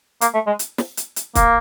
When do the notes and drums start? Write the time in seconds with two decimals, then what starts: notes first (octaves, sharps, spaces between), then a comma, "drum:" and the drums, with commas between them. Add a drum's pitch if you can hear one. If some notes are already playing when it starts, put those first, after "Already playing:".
0.21 A#3, drum: hi-hat
0.34 A3
0.47 G#3
0.59 drum: hi-hat
0.78 drum: snare
0.97 drum: hi-hat
1.16 drum: hi-hat
1.35 A#3, drum: kick, hi-hat